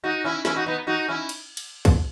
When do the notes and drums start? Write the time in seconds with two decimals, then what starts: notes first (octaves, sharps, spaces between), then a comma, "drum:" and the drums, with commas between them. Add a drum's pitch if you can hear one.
0.04 D#4 F#4
0.24 C#4 E4
0.45 C#4 E4, drum: snare
0.56 D#4 F#4
0.66 B3 D#4
0.87 D#4 F#4
1.08 C#4 E4
1.29 drum: cymbal
1.57 drum: cymbal
1.85 drum: kick, cymbal